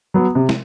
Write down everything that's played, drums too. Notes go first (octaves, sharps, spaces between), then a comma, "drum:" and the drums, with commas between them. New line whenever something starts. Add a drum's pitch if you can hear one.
F#3 B3
C3
drum: snare